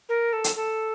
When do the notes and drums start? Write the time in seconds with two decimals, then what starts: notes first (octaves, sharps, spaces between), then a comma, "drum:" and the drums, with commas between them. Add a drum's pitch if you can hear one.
0.09 A#4
0.33 A4
0.44 drum: hi-hat
0.56 A4